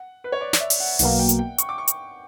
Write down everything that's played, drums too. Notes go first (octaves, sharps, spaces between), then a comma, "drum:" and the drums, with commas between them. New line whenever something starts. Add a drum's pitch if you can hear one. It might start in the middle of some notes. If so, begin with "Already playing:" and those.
Already playing: F#5
B4
C#5
D5
D5, drum: snare
E5
drum: open hi-hat
F#5
B1 B2 A#3 F#5, drum: open hi-hat
G5
drum: hi-hat
G5
C#6, drum: hi-hat
D6
C#6
drum: hi-hat